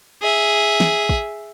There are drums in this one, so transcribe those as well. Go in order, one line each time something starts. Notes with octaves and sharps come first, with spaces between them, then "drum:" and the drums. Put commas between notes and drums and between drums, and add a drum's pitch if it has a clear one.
G#4 E5
drum: snare
drum: kick